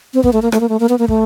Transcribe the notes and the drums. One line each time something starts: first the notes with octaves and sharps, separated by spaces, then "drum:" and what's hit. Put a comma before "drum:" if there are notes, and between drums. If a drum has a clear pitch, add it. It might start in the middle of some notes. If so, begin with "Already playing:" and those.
C4
B3, drum: kick
A3
A#3
A3, drum: rim click
A#3
A3
A#3
B3
A#3
A3, drum: kick